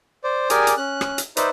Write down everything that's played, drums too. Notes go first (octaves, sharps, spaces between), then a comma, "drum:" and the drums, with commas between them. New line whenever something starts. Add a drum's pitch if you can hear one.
C5 D5
G4 G#4 A#4 D5 G#5, drum: hi-hat
drum: hi-hat
C#4 F#6
drum: rim click
drum: hi-hat
D#4 B4 C5 D5 E5, drum: hi-hat